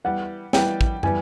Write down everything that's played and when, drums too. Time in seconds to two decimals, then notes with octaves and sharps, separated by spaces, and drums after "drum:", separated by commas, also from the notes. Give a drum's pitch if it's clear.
0.04 E3 G3 B3 F#5
0.53 E3 G3 B3 G5, drum: snare
0.81 drum: kick
1.03 E3 G3 B3 G#5, drum: tom